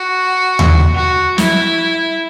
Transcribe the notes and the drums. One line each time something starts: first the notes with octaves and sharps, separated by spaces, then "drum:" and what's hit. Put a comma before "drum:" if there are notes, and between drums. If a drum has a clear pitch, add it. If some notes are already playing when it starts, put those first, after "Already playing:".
Already playing: F#4
drum: tom D#2
F#4
E4, drum: snare